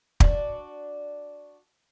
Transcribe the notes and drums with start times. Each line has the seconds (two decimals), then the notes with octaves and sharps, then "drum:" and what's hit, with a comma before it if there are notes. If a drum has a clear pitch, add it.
0.20 D4 F#4, drum: kick